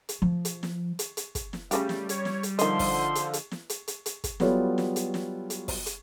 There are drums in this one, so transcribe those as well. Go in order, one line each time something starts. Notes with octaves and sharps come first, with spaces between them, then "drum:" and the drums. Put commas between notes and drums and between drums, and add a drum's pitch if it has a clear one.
drum: hi-hat
F3
drum: hi-hat
drum: snare
drum: hi-hat
drum: hi-hat
drum: kick, hi-hat
drum: snare
C#3 E3 G3 A3 G4, drum: hi-hat
drum: snare
C#5, drum: hi-hat
drum: snare
drum: hi-hat
D3 D#3 F3 D#5 C6, drum: hi-hat
drum: kick, open hi-hat
drum: hi-hat
drum: hi-hat
drum: snare
drum: hi-hat
drum: hi-hat
drum: hi-hat
drum: kick, hi-hat
F#3 G3 B3 F4 A4 C#5, drum: snare
drum: snare
drum: hi-hat
drum: snare
drum: hi-hat
drum: kick, open hi-hat
drum: hi-hat